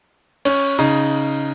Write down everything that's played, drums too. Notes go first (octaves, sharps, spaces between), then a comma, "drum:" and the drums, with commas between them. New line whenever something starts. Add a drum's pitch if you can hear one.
C#4, drum: cymbal
C#3 D#4, drum: tambourine